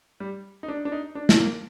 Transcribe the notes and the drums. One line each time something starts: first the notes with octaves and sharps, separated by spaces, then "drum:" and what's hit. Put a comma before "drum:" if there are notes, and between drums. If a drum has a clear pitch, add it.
G3
D#4
D4
D4
D#4
D4
drum: snare
A#3